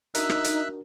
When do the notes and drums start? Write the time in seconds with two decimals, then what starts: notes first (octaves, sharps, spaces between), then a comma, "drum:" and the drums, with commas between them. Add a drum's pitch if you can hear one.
0.15 D4 D#4 F#4 A#4 E5 E6 F#6, drum: hi-hat
0.30 drum: rim click
0.44 drum: hi-hat